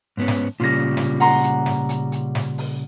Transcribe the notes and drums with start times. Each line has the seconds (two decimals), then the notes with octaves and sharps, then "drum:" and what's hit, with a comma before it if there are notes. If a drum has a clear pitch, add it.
0.17 G#2 B3 C#4
0.28 drum: snare
0.60 A#2 C#3 G3 F4 A#6
0.97 drum: snare
1.20 F#5 A#5 C6, drum: open hi-hat
1.43 drum: hi-hat
1.66 drum: snare
1.89 drum: hi-hat
2.12 drum: hi-hat
2.35 drum: snare
2.58 drum: open hi-hat